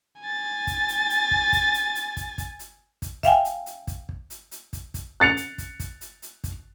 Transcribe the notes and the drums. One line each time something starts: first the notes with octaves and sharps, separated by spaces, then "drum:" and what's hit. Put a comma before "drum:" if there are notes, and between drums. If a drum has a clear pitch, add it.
G#5 A6
drum: kick, hi-hat
drum: hi-hat
drum: hi-hat
drum: kick
drum: kick, hi-hat
drum: hi-hat
drum: hi-hat
drum: kick, hi-hat
drum: kick, hi-hat
drum: hi-hat
drum: kick, hi-hat
E5 F5 G5 G#5, drum: kick, hi-hat
drum: hi-hat
drum: hi-hat
drum: kick, hi-hat
drum: kick
drum: hi-hat
drum: hi-hat
drum: kick, hi-hat
drum: kick, hi-hat
F#6 A6 C#7 F7
drum: hi-hat
drum: kick, hi-hat
drum: kick, hi-hat
drum: hi-hat
drum: hi-hat
drum: kick, hi-hat